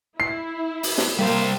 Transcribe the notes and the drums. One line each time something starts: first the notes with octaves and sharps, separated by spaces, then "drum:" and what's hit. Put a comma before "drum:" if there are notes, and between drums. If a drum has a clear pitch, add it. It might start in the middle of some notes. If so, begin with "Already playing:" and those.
E4 C7
drum: open hi-hat
drum: snare
G3 A#3 A#4 C5